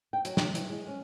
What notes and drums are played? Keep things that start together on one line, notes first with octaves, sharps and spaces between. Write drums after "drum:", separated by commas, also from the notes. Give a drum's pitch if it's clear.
G5
F#3, drum: hi-hat
C3, drum: snare
E3, drum: hi-hat
G#3
C#4